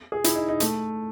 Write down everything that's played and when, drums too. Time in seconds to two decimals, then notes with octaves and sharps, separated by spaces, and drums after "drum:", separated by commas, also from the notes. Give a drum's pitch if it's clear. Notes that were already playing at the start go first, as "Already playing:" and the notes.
0.12 G#4
0.24 E4, drum: hi-hat
0.35 D#4
0.49 D#4
0.60 A3, drum: hi-hat